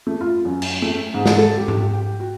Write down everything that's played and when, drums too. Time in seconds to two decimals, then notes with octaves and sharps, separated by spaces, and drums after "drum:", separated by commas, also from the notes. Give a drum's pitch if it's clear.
0.07 A3
0.21 F4
0.45 F#2
0.62 drum: cymbal
0.82 A3
1.14 G#2
1.26 drum: snare
1.38 A4
1.57 G4
1.68 drum: tom G#2
1.82 G4
1.93 G5
2.20 F#4